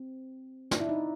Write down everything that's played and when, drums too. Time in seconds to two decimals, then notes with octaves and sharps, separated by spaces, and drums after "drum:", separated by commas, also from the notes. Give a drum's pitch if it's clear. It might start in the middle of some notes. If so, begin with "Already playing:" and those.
Already playing: C4
0.71 D4, drum: snare
0.80 E4
0.89 D#4